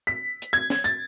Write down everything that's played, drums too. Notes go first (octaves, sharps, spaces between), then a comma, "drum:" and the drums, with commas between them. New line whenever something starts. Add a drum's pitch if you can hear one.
B6
drum: hi-hat
G#6
drum: snare
A6, drum: hi-hat